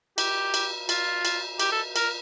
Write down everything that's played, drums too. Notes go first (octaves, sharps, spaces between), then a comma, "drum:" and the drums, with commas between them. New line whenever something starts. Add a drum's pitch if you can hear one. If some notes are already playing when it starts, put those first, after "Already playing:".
G4, drum: cymbal
drum: cymbal
F4, drum: cymbal
drum: cymbal
G4, drum: cymbal
A4
A#4, drum: cymbal